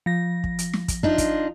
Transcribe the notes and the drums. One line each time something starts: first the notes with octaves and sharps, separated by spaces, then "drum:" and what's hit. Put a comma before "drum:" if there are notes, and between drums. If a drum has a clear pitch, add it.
F3 A#6
drum: kick
drum: hi-hat
drum: snare
drum: kick, hi-hat
D4 D#4 F4
drum: kick, hi-hat